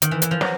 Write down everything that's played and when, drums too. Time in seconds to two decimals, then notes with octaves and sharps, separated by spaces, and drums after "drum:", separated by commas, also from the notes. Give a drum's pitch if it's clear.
0.02 D#3, drum: hi-hat
0.11 E3
0.22 E3, drum: hi-hat
0.31 F3
0.41 F#3, drum: snare